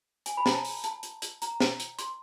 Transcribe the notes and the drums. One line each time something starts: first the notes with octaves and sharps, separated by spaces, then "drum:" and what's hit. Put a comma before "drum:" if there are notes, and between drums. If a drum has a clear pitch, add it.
G#5, drum: hi-hat
B5
A#5, drum: snare
A5
drum: open hi-hat
A5, drum: hi-hat
drum: hi-hat
drum: hi-hat
A#5, drum: hi-hat
drum: snare
drum: hi-hat
C6, drum: hi-hat